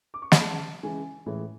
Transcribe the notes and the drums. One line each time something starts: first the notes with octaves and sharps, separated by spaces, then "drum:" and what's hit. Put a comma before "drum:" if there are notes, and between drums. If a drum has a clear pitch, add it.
D6
C#6
B5, drum: snare
C#3 G#3 A5
C#3 E3 G#3 G#5
A2 E3 G#3